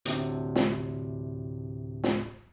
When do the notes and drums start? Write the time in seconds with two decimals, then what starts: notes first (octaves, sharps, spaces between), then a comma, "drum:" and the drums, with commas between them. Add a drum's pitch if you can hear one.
0.05 D2 A2 C3, drum: hi-hat
0.56 drum: snare
2.04 drum: snare